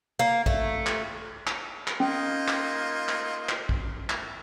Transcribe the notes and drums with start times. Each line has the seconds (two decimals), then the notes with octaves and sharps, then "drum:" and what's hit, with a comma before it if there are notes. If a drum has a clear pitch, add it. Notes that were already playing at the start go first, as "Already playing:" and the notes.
0.19 A#3
0.46 A3, drum: kick A#1
0.86 drum: clap
1.47 drum: clap
1.87 drum: clap
2.00 A#3 C#4 D#4 F4
2.48 drum: clap
3.09 drum: clap
3.49 drum: clap
3.69 drum: kick A#1
4.10 drum: clap